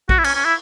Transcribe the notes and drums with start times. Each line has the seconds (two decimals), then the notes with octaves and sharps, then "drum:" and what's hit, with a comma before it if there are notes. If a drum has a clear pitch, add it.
0.09 F#4, drum: kick A#1
0.18 E4
0.24 C#4, drum: cymbal
0.35 C#4
0.44 E4